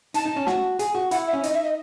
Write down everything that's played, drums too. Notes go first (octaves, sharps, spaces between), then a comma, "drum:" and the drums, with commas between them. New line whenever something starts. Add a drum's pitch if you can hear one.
D#4 A5, drum: hi-hat
D#4
C#4
F#4, drum: snare
G#4, drum: hi-hat
F#4
E4 F#5, drum: hi-hat
E5
C#4
D#4 D#5, drum: hi-hat
E5
D#5